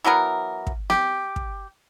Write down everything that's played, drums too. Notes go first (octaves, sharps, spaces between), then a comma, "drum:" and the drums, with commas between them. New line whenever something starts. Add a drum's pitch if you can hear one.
E3 F#3 B3 A#4
drum: kick
G4, drum: snare
drum: kick